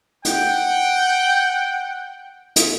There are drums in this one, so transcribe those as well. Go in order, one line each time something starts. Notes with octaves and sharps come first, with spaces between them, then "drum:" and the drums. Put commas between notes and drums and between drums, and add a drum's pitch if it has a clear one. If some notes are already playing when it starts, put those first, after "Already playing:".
F#5 G5, drum: hi-hat
drum: hi-hat